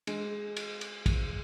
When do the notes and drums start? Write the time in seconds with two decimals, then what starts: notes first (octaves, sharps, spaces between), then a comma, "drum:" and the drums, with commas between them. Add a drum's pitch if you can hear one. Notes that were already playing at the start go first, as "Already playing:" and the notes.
0.07 G#3, drum: cymbal
0.57 drum: cymbal
0.81 drum: cymbal
1.06 drum: kick, cymbal